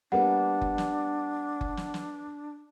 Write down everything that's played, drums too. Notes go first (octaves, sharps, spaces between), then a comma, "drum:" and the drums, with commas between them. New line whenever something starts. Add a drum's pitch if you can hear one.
G3 A#3 B3 D4 F#5
drum: kick F#1
drum: snare
drum: kick F#1
drum: snare
drum: snare